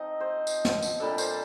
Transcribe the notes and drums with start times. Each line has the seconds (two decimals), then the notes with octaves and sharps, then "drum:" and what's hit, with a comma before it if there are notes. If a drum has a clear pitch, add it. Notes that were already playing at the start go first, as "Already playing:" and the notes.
Already playing: F3 C4 D#4 D#5
0.20 C5
0.47 drum: tambourine
0.65 drum: snare
0.82 drum: tambourine
1.00 A#2 G3 D4 A4
1.18 C5, drum: tambourine